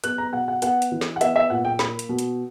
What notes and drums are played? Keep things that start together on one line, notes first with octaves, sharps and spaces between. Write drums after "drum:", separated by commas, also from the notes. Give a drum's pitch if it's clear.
B3 F#6, drum: hi-hat
A#5
B2 F#5
F#5
B3 F#5, drum: hi-hat
drum: hi-hat
E3
drum: snare
F#5
B3 E5, drum: hi-hat
E5
A#2 F#5
G5
A#3 B5, drum: snare
drum: hi-hat
B2
drum: hi-hat